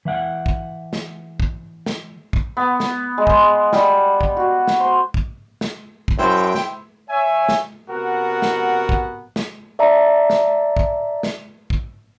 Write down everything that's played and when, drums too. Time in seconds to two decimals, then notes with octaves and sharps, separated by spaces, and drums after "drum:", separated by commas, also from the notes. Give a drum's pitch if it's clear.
0.05 E3 E5 F#5 G5
0.46 drum: kick
0.93 drum: snare
1.40 drum: kick
1.86 drum: snare
2.33 drum: kick
2.57 B3
2.80 drum: snare
3.18 G#3
3.27 drum: kick
3.73 G3, drum: snare
4.21 drum: kick
4.37 F#4
4.67 drum: snare
4.80 C5
5.14 drum: kick
5.61 drum: snare
6.08 drum: kick
6.19 F#2 E4 C5 G5
6.55 drum: snare
7.09 C#5 E5 G#5
7.49 drum: snare
7.89 C3 B3 F#4 A#4 F#5
8.42 drum: snare
8.89 drum: kick
9.36 drum: snare
9.79 D5 E5 A5 A#5
10.30 drum: snare
10.77 drum: kick
11.23 drum: snare
11.70 drum: kick